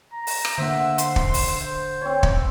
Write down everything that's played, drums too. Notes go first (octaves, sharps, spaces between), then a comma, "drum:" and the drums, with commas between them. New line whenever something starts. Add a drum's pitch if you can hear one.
A#5
drum: open hi-hat
drum: rim click
D3 A#3 C5 E5 F#5
C6, drum: hi-hat
drum: kick
drum: open hi-hat
C5
C4 C#5
drum: kick